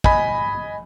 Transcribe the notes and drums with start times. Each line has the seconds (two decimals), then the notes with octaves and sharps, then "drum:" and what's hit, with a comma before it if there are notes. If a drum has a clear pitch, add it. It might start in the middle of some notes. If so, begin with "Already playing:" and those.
0.04 D#5 G#5 B5, drum: kick